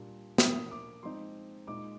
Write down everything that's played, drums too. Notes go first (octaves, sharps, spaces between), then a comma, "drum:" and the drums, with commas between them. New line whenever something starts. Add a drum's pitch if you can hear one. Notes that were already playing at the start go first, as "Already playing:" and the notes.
Already playing: A#2 G3 A#3 D4
A#2 F3 A#3 D4 D#6, drum: snare
D6
F3 G#3 C4 D#4 C6
A#2 G#3 D#4 D6